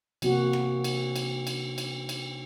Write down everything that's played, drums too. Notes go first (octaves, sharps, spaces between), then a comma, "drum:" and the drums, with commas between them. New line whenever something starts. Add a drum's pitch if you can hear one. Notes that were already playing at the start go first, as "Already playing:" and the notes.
C3 E3 A#3 F#4, drum: cymbal
drum: rim click
drum: cymbal
drum: cymbal
drum: cymbal
drum: cymbal
drum: cymbal